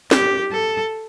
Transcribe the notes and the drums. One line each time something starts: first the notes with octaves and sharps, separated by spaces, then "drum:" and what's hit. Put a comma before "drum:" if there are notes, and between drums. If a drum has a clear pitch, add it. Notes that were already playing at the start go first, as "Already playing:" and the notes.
G4, drum: snare
A4